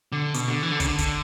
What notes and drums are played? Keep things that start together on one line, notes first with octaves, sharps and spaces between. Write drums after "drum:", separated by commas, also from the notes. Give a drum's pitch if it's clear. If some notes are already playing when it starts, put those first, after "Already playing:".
D3
B2, drum: hi-hat
D3
E3
D3
C#3, drum: kick, hi-hat
D3
drum: kick, hi-hat